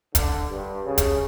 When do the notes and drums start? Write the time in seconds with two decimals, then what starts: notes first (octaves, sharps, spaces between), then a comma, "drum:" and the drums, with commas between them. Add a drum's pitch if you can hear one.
0.15 D3, drum: kick, hi-hat
0.50 G2
0.84 C#3
0.98 drum: kick, hi-hat